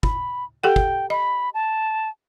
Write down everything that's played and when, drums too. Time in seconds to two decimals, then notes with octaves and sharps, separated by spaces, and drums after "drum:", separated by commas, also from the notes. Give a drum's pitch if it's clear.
0.03 B5, drum: kick
0.64 G4 A4 F#5 G5
0.76 drum: kick
1.10 D#5 B5
1.54 A5